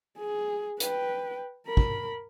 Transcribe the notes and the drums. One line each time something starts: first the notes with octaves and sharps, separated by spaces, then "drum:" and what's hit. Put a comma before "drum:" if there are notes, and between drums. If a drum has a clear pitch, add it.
G#4
B4 G5, drum: hi-hat
A#4 B5
drum: kick